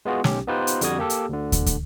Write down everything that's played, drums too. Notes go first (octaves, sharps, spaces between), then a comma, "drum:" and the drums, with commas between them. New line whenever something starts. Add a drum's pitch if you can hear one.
G#3 B3 F4 F#4 G#4
B1 C#4 G4, drum: snare
B3 D#4 F4 G4 B4 C5
drum: hi-hat
F2 D3 G3 F#4 D#6 G#6, drum: hi-hat
A#3 G4 A4
drum: hi-hat
D2 D3
drum: kick, hi-hat
drum: kick, hi-hat